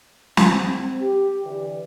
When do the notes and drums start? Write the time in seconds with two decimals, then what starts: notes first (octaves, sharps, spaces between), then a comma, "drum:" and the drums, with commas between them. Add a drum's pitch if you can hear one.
0.37 C4, drum: snare
1.00 G4
1.44 D3 E3 G4 B4 D5